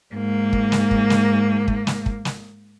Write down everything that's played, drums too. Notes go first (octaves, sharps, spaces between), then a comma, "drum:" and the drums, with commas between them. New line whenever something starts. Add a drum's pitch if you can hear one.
G#2 A#3
drum: kick
drum: snare
drum: kick
drum: snare
drum: kick
drum: snare
drum: kick
drum: snare